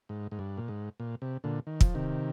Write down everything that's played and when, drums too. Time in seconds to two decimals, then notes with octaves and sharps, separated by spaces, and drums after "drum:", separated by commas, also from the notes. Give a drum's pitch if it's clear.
0.09 G#2
0.31 G#2
0.39 G2
0.57 A#2
0.68 G#2
1.00 A#2
1.22 C3
1.44 A#2 D3
1.67 D#3
1.81 F3, drum: kick
1.94 C3 D#3